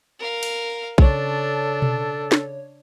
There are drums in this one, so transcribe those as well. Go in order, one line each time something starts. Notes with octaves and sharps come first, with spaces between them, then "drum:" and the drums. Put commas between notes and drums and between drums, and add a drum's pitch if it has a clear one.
A#4 F5
drum: cymbal
C#3 D4 A4 C#5, drum: kick B1
drum: tom B2
drum: snare